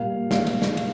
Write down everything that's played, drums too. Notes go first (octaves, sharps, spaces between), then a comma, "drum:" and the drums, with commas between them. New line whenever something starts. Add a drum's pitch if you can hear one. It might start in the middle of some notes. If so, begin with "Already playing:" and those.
Already playing: A#2 G3 A#3 F5
F5, drum: snare
drum: cymbal
drum: snare
drum: cymbal